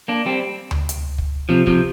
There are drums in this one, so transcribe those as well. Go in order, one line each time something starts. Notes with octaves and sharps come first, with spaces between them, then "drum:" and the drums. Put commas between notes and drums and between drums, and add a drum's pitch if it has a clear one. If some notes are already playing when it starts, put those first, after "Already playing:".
A#3 D4
G3 C4
drum: tom D2
drum: hi-hat
drum: kick
C3 F3
C3 F3, drum: kick